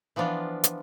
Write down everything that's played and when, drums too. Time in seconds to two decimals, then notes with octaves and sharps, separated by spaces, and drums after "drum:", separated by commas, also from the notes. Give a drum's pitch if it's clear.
0.16 E3 F3 B3 D4 F4
0.64 drum: hi-hat